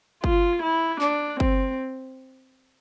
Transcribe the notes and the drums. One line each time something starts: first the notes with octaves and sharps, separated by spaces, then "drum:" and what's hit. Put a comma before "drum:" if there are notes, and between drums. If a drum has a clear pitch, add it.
F4, drum: kick G1
E4
D4, drum: clap
C4, drum: kick G1